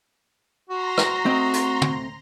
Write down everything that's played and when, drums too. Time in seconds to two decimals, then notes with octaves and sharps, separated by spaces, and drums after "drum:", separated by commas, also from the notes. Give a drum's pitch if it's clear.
0.70 F#4 A#5 C6 A#6
0.97 drum: rim click
1.25 A3 C4 D#5
1.53 drum: hi-hat
1.81 drum: tom